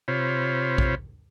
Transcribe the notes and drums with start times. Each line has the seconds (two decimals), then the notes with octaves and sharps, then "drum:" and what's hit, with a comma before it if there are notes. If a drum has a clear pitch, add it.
0.08 C3 F4 C5 C#5 B5
0.78 drum: kick